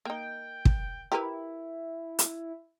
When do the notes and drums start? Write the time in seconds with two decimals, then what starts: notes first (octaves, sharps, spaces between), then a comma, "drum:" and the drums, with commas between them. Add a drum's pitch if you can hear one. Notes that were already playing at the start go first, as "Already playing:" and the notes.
0.05 A#3 D#4 G5
0.65 drum: kick
1.12 E4 G4 A#4 B4
2.19 drum: hi-hat